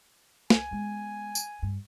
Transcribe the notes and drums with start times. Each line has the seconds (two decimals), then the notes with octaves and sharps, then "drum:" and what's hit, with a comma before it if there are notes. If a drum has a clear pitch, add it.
0.50 C2 G#5, drum: snare
0.71 G#3 B3
1.35 drum: tambourine
1.63 G2